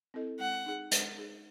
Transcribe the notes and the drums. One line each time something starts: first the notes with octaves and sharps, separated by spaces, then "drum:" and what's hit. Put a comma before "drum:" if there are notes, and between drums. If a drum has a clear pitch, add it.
C4 E4 A4 D#5
G#3 F#5
D#4 G#4
G#3, drum: hi-hat
D#4 G#4